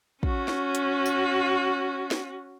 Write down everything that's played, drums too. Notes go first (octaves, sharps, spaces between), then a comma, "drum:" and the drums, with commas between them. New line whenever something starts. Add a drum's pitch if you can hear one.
C#4 F#4, drum: kick
drum: snare
drum: hi-hat
drum: tambourine
drum: snare